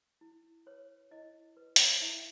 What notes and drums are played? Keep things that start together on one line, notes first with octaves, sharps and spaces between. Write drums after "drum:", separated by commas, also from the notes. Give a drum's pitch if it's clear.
E4
B4 C#5
E4 D#5
B4
drum: hi-hat
E4 E5